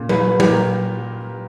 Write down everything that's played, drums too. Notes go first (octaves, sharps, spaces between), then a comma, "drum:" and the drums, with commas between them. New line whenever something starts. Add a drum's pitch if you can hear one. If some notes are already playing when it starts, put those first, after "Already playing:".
Already playing: A#2 C#3
B4, drum: tom F#3
F#3
B4
G4, drum: tom F#3
A#2 A#4